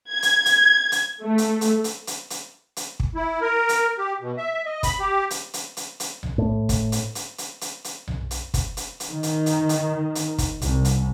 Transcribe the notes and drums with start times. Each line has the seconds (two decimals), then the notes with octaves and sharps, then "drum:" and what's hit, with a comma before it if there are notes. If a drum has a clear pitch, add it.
0.13 G#6
0.23 drum: hi-hat
0.46 drum: hi-hat
0.92 drum: hi-hat
1.23 A3
1.38 drum: hi-hat
1.61 drum: hi-hat
1.84 drum: hi-hat
2.07 drum: hi-hat
2.30 drum: hi-hat
2.76 drum: hi-hat
3.00 drum: kick
3.15 E4
3.41 A#4
3.69 drum: hi-hat
3.98 G4
4.21 B2
4.38 E5
4.54 E5
4.66 D#5
4.83 B5, drum: kick, hi-hat
5.00 G4
5.30 drum: hi-hat
5.54 drum: hi-hat
5.77 drum: hi-hat
6.00 drum: hi-hat
6.23 drum: tom B1
6.38 A2
6.69 drum: kick, hi-hat
6.92 drum: hi-hat
7.15 drum: hi-hat
7.38 drum: hi-hat
7.61 drum: hi-hat
7.84 drum: hi-hat
8.08 drum: tom B1
8.31 drum: hi-hat
8.54 drum: kick, hi-hat
8.77 drum: hi-hat
9.00 drum: hi-hat
9.10 D#3
9.23 drum: hi-hat
9.46 drum: hi-hat
9.69 drum: hi-hat
10.15 drum: hi-hat
10.38 drum: kick, hi-hat
10.62 C2, drum: hi-hat
10.85 drum: hi-hat